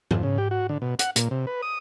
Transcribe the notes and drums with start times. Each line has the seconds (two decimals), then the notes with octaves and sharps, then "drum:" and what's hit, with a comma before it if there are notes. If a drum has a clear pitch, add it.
0.11 F2, drum: tom G#2
0.23 C#3
0.38 G4
0.51 F#4
0.69 D3
0.82 B2
0.99 F#5, drum: hi-hat
1.16 A#2, drum: hi-hat
1.31 C3
1.47 B4
1.62 D#6